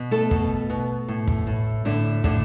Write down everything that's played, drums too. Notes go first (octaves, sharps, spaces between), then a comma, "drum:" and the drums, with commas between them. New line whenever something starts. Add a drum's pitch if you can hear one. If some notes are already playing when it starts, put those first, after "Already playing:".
Already playing: B2
A3 A4
B2, drum: kick
B2
A2
drum: kick
A2
A2 D3 D4
A2 D3 D4, drum: kick